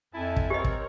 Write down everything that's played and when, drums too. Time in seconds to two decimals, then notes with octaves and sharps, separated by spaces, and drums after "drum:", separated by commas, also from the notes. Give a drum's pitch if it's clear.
0.14 F2 E4 E5 G#5 A5
0.36 drum: kick
0.50 C4 G4 A#4 C#5 D#5
0.64 drum: kick